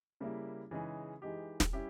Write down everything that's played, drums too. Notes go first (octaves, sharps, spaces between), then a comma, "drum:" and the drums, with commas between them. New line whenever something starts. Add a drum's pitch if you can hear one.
C#3 G3 A#3 E4
C#3 E3 G#3 D#4 G#4
E3 G#3 D#4 G4
drum: snare
G3 C#4 E4 G4